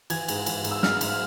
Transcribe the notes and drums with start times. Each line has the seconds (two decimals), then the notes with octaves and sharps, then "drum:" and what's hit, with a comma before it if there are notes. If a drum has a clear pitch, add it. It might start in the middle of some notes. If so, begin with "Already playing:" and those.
0.10 E3 G#6, drum: cymbal
0.28 G#2, drum: cymbal
0.46 E3, drum: cymbal
0.64 G#2, drum: cymbal
0.71 E6
0.83 G#2 F6, drum: snare
1.01 G#2, drum: cymbal